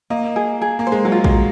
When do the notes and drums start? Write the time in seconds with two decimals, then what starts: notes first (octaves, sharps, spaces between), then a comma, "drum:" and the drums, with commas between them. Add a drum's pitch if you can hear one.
0.10 A#3 D#5
0.36 G#4
0.62 G#4
0.79 A#3
0.87 C5
0.92 G#3
1.05 F#3
1.12 F4
1.24 G#3, drum: kick A#1